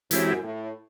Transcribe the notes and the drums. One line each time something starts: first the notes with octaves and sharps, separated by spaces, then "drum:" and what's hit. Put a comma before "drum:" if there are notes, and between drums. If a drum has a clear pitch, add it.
F#2 E3 G#3 C4 E4 G4, drum: hi-hat
A2